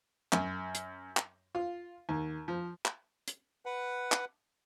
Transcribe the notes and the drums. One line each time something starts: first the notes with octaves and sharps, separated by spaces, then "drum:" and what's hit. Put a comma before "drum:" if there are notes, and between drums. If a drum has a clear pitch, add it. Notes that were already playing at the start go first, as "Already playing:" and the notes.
F#2, drum: clap
drum: hi-hat
drum: clap
F4
D#2
F3
drum: clap
drum: hi-hat
B4 F#5
drum: clap